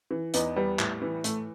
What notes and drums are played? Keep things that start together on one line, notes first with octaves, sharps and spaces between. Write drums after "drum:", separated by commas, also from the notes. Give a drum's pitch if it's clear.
E3
E2 B3 D#4, drum: hi-hat
E2 G3 B3
A2, drum: clap
E3
A2 A3, drum: hi-hat